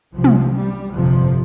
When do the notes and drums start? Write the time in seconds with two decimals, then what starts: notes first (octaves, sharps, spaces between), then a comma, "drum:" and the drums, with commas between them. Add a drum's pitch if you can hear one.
0.15 C2 C3 F3
0.24 drum: tom
0.55 G3
0.95 G1 F2 C3 F3